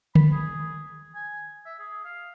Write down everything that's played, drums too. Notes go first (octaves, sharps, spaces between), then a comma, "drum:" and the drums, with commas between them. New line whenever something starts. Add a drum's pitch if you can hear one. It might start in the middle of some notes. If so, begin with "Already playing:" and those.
B5, drum: tom D3
G#4
G#5
E5
G#4
F5